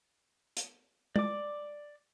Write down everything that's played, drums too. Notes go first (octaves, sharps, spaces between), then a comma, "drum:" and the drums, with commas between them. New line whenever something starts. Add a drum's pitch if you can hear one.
drum: hi-hat
D5 D6, drum: tom G#3